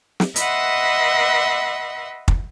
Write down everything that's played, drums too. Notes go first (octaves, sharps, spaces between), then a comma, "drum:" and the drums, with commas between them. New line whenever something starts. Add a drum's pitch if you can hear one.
drum: snare
B4 D#5 E5 F#5 C6, drum: hi-hat
drum: kick